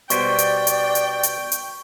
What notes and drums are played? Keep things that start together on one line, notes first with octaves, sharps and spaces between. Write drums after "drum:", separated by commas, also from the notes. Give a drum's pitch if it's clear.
B2 G3 C5 D5 G5 C#6 B6 D7, drum: hi-hat
drum: hi-hat
drum: hi-hat
drum: hi-hat
drum: hi-hat
drum: hi-hat